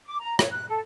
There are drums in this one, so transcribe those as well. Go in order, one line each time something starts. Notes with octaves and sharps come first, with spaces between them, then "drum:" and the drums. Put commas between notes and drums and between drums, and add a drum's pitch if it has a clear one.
D6
A#5
C#5, drum: rim click
F#6
A4